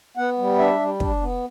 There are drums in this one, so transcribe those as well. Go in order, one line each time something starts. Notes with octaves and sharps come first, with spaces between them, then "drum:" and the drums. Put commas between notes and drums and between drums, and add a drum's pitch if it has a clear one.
B3 F#5
G3
D4 E5
G3
D4, drum: kick
B3